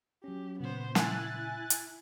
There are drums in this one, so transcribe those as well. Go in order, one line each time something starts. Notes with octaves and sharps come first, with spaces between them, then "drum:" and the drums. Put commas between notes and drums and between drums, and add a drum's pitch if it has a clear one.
F#3 C#4 G4
A#2 C#3 B3 C5
E4 G#5 E6 F#6 A6, drum: snare
drum: hi-hat